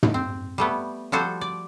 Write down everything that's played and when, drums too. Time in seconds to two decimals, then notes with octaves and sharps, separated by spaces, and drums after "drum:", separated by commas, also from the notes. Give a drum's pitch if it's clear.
0.03 drum: tom
0.14 C4
0.58 G3 A3 B3
1.12 F3 G3 F#4 A4 C5
1.41 D5